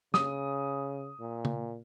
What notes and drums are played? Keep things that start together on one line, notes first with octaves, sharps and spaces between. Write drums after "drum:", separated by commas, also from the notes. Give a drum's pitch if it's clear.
C#3 D#6, drum: snare
A#2
drum: tom